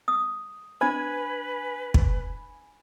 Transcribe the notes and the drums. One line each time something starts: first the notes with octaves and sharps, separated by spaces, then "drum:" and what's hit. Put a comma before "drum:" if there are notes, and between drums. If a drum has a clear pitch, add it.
D#6
D4 B4 C5 G#5 B5 G#6
drum: kick